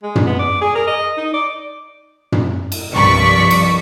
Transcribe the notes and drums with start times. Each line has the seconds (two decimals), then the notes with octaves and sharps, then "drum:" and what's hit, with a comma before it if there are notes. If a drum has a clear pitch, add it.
0.03 G#3
0.15 drum: tom
0.27 B3
0.39 D5
0.61 G#4
0.75 A#4
0.87 D#5
1.17 D#4
1.34 D5
2.32 drum: tom
2.72 drum: cymbal
2.93 C2 G2 F3 D5 C#6 B6
3.51 drum: cymbal